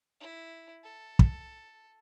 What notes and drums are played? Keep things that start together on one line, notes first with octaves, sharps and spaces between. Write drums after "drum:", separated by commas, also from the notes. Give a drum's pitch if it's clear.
E4
A4
drum: kick